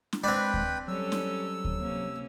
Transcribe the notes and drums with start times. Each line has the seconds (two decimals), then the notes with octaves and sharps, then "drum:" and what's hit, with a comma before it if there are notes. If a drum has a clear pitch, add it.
0.13 drum: snare
0.24 G#3 C4 D4 B4 G5 B5
0.54 drum: kick D2
0.88 F#3 G3 C#4 A4 E6
1.12 drum: snare
1.65 drum: kick D2
1.79 C3 A#3 C#4